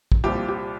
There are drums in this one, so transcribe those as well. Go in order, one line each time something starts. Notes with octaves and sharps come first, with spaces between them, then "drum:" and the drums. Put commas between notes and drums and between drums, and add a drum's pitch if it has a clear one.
drum: kick
C2 A#2 F3 G4
G4